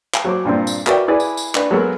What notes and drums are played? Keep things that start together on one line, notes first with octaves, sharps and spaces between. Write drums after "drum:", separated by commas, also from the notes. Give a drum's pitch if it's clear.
drum: clap
F#3 C5 D6
G2 A#2 C4
drum: tambourine
F#4 A#4 B4 D5 E5 G5, drum: clap
E4 G#4 B4 D5
drum: tambourine
drum: tambourine
D4 B4, drum: clap
F#3 G#3 B3 F#4 A4 A#4